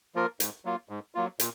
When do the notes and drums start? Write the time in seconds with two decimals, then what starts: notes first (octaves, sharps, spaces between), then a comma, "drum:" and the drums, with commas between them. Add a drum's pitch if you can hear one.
0.15 F3 A#3 F4 A#4
0.40 G#2, drum: hi-hat
0.65 F#3 A#3 F4
0.89 G#2
1.15 F#3 A#3 F4
1.40 A#2, drum: hi-hat